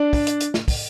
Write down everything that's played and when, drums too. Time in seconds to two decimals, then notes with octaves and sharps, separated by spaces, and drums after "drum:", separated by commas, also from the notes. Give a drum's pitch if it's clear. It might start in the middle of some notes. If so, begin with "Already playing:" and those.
Already playing: D4
0.13 drum: kick, open hi-hat
0.27 drum: hi-hat
0.40 drum: hi-hat
0.54 drum: snare
0.68 drum: kick, open hi-hat